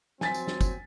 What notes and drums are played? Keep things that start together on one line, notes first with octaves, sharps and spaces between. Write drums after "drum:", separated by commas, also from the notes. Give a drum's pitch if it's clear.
F3 F#3 C4 G#5 A6 B6, drum: snare
drum: tambourine
drum: snare
drum: kick, tambourine